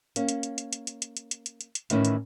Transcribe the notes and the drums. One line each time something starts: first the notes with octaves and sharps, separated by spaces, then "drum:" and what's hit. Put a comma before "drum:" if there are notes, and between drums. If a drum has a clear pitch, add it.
A#3 C#4, drum: hi-hat
drum: hi-hat
drum: hi-hat
drum: hi-hat
drum: hi-hat
drum: hi-hat
drum: hi-hat
drum: hi-hat
drum: hi-hat
drum: hi-hat
drum: hi-hat
drum: hi-hat
A2 D#3 E3 C#4 E4, drum: hi-hat
drum: hi-hat